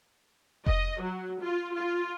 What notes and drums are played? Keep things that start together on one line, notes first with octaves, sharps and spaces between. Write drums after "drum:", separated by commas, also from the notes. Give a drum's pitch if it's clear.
D#5, drum: kick F1
F#3
F4
F4